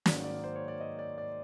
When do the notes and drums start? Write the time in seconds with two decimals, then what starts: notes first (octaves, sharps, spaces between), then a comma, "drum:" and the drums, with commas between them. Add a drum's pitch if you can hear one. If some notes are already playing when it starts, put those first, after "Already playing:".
0.06 G#2 D#3 F#3 A#3 D5, drum: snare
0.24 D5
0.44 C5
0.56 C#5
0.68 D5
0.80 D#5
0.99 D5
1.18 D5